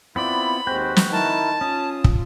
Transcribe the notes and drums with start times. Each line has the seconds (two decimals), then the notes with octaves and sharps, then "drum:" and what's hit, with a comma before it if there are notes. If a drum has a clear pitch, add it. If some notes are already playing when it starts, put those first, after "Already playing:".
0.16 B3 C4 E4 F4 D5 B5
0.67 D#2 G#3 C4 F#4 B4 G5
0.96 drum: snare
1.12 D#3 E4 A#4 A5
1.61 C#4 F4 D#6
2.04 drum: kick